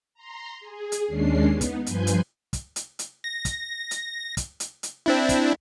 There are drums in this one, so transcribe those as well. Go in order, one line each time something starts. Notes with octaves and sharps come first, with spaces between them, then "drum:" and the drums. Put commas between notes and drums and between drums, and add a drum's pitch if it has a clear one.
A#5 C6
G#4
drum: hi-hat
D#2 G#3 C#4 D4 C7
B3 D#4
drum: kick, hi-hat
G2 F3 B4 G#5 C6 G6, drum: hi-hat
drum: hi-hat
drum: kick, hi-hat
drum: hi-hat
drum: hi-hat
A#6
drum: kick, hi-hat
drum: hi-hat
drum: kick, hi-hat
drum: hi-hat
drum: hi-hat
C4 D4 E4
drum: kick, hi-hat